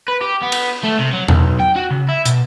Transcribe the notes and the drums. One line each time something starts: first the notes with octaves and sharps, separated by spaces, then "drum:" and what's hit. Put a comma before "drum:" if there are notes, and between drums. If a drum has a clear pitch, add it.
B4
G4
B3
drum: cymbal
A3
C3
F#3
B1, drum: tom E2
G5
F#4
C#3
E4
B2, drum: hi-hat